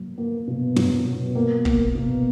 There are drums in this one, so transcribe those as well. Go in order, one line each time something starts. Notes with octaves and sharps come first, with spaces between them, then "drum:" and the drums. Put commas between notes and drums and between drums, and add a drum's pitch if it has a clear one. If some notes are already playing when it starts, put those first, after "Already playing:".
Already playing: F#3 A#3
A#3
B2
F#3, drum: tom
B2
A#3
A#3, drum: kick
B2